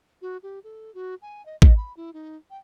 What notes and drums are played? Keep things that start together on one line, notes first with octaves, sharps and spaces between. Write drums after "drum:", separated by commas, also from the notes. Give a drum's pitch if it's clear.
F#4
G4
A4
F#4
G#5
D#5
D#5, drum: kick
B5
E4
D#4
G5